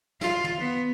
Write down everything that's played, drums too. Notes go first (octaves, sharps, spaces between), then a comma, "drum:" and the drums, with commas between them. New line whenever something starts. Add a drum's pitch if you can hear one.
F4, drum: snare
drum: tom
B3